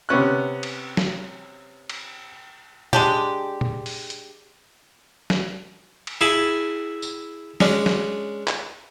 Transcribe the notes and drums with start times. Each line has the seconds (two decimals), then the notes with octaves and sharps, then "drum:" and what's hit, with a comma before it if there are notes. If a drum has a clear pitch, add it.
0.09 C3 B3 C#4 F#6
0.63 drum: cymbal
0.97 drum: snare F#4
1.89 drum: cymbal
2.93 G#3 D4 G4, drum: tom A#2
3.61 drum: tom A#2
3.86 drum: open hi-hat
4.10 drum: hi-hat
5.30 drum: snare F#4
6.07 drum: cymbal
6.21 E4 G#4 G#5 A5 B5
7.02 drum: tambourine
7.60 G#3 C#4 D4, drum: snare F#4
7.86 drum: snare F#4
8.48 drum: clap